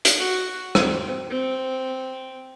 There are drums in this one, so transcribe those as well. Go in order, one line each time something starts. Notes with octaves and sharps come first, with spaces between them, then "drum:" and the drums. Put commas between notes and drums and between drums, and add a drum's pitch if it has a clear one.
drum: hi-hat
F#4
C4, drum: rim click
C4